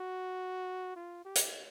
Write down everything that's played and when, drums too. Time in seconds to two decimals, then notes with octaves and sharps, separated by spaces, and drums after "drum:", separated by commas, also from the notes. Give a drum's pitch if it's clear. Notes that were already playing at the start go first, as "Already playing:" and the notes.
Already playing: F#4
0.96 F4
1.25 G4
1.36 drum: hi-hat